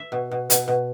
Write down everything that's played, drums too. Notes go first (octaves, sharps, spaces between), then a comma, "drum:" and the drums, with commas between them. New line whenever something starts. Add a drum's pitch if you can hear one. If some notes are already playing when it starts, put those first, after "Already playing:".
Already playing: E5
B2
B2
B2, drum: hi-hat
B2